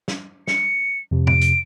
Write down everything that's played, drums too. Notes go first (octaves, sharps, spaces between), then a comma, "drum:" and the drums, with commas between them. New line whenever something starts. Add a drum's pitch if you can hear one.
drum: snare
C#7, drum: snare
F2 C3
D7, drum: tom A2
drum: hi-hat